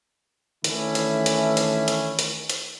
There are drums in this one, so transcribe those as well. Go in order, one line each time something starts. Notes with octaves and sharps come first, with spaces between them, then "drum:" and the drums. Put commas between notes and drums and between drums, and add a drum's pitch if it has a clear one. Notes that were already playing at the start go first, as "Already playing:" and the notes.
D#3 E3 A3 C#4 D4 E4, drum: hi-hat
drum: hi-hat
drum: hi-hat
drum: hi-hat
drum: hi-hat
drum: hi-hat
drum: hi-hat